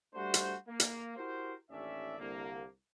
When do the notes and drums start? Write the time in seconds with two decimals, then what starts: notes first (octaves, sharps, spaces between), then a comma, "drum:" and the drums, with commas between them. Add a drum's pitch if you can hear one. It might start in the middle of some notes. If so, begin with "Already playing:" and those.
0.14 G3 A3 D4 F#4 C5
0.34 drum: hi-hat
0.68 A#3
0.80 drum: hi-hat
1.17 E4 F#4 G4 A#4 C5
1.71 A1 D#2 C#4 D4 D5 E5
2.19 C2 D3 A#3